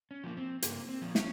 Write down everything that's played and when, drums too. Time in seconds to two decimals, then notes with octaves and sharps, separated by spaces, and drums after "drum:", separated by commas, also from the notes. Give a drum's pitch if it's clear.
0.11 C#4
0.24 F3 A#3
0.37 C4
0.62 G2 A#3, drum: hi-hat
0.89 C4
1.02 F3 A#3
1.15 C#4, drum: snare